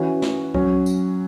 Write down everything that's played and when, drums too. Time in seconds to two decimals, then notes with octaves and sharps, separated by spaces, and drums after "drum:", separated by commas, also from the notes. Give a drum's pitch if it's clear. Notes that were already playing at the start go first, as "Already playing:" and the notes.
Already playing: E3 C#4 F#4
0.22 drum: snare
0.54 F#3 C#4 F#4, drum: kick C2
0.86 drum: tambourine